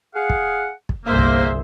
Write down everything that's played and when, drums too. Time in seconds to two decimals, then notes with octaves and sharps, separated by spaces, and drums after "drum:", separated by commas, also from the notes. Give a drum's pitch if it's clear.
0.15 G#4 F5 F#5
0.30 drum: kick
0.89 drum: kick
1.06 G1 C2 A#3 G#4 C5 E5
1.19 drum: kick